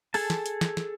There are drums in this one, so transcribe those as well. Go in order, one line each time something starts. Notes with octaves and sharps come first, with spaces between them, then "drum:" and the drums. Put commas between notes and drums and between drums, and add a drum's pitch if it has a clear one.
G#4 A4 A5, drum: open hi-hat
drum: snare
drum: hi-hat
drum: snare
drum: snare